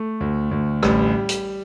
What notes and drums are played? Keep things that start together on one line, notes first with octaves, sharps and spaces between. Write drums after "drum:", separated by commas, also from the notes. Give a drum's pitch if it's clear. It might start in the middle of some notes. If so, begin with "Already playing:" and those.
Already playing: A3
D2
D2
A1 G3, drum: rim click
drum: hi-hat